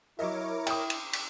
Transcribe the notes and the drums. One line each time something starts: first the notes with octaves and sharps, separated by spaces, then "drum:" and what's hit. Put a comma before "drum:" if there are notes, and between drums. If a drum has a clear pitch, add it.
F#3 E4 A#4 C#5 D#5 E5 D6
G5 D#6, drum: cymbal
drum: cymbal
drum: cymbal